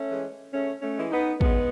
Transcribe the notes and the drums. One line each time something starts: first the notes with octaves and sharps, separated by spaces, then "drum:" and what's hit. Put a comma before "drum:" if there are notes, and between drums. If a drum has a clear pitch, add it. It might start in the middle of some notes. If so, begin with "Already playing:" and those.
Already playing: A3 C#4
E3 G#3
C#3 A3 C#4
A3 C#4
E3 G#3
B3 D#4
C#3 G#3 B3, drum: kick